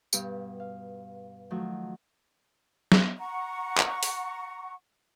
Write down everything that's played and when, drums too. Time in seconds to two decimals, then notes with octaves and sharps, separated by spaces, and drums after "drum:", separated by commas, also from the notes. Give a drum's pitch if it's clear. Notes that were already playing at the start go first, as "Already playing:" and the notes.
0.13 G2 B2 G4 F5, drum: tambourine
0.60 F5
1.50 D#3 F3 F#3 A3
2.92 drum: snare
3.18 F#5 A#5 C#6
3.78 drum: clap
4.03 drum: open hi-hat